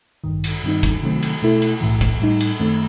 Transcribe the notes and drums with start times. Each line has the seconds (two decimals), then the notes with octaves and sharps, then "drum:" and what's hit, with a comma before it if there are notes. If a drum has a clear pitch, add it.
0.24 A1 G2 D#3
0.44 drum: cymbal
0.63 G2 D#3 G3 C4 D#4
0.83 drum: kick F#1, cymbal
1.03 C3 D#3 F#3 A3 C4
1.22 drum: cymbal
1.42 B2 A3 E4 A4
1.62 drum: cymbal
1.81 B1 A2 E3
2.01 drum: kick F#1, cymbal
2.20 A2 G3 D#4
2.40 drum: cymbal
2.60 F#2 D#3 A3 C4